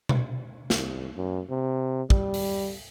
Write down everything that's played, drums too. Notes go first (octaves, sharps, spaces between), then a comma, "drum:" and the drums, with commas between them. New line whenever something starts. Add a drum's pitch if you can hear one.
drum: tom B2
C2, drum: snare
F#2
C3
G3, drum: kick
drum: open hi-hat